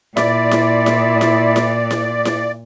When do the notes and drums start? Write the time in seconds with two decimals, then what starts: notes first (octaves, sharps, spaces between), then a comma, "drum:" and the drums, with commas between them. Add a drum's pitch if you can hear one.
0.17 A#2 E4 D5, drum: snare E4
0.51 drum: snare E4
0.86 drum: snare E4
1.21 drum: snare E4
1.56 drum: snare E4
1.91 drum: snare E4
2.25 drum: snare E4